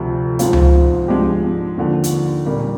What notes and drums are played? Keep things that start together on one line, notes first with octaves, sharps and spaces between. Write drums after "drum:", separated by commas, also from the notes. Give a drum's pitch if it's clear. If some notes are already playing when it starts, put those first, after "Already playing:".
Already playing: D2 C3 F3
G#2 F3 G#3 C4 F4, drum: hi-hat
drum: tom C#2
G#2 F3 G#3 D4 G4
D#2 D3 F3
drum: hi-hat
A#2 G3 A#3